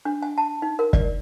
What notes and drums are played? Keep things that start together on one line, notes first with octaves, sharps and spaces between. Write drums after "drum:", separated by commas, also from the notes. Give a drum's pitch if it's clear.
D4
G#5
A5
D#4
A#4
D5, drum: kick